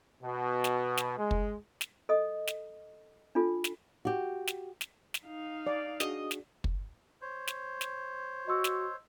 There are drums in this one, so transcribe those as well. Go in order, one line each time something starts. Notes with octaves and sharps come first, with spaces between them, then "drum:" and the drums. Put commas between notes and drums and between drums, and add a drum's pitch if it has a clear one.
B2
drum: snare
drum: snare
G#3
drum: kick
drum: snare
A4 D#5 D#6
drum: snare
D4 D#4 F4 A4
drum: snare
F#4 G4
drum: snare
drum: snare
drum: snare
D#4 F5
D5
D4 F#4 G#4 D#5, drum: snare
drum: snare
drum: kick
C5 C#5
drum: snare
drum: snare
F#4 D#5 C6 E6
drum: snare